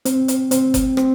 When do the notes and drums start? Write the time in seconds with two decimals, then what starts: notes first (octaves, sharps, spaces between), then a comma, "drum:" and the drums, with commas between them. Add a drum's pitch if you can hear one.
0.05 C4, drum: hi-hat
0.28 drum: hi-hat
0.51 C4, drum: hi-hat
0.74 drum: kick F#1, hi-hat
0.97 C4, drum: rim click